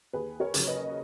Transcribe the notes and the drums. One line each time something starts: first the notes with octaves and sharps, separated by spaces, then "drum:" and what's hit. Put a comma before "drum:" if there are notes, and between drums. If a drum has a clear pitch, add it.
D#2 G#4 B4
A#4 C#5
C#3 F#3, drum: hi-hat
B4 D#5